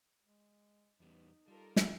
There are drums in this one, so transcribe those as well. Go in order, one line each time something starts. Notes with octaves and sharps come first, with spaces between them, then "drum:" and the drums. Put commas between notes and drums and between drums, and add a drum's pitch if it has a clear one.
G#3
E2 G3 B3 D#4
G3 F4 A4 A#4
drum: snare